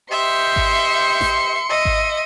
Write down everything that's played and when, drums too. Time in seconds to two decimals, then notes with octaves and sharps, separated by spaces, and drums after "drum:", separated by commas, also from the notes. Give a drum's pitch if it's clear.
0.11 G4 C5 D#5 E5 C6 C#7
0.56 drum: kick G#1
1.21 drum: snare A1
1.69 D#5 E5
1.85 drum: kick G#1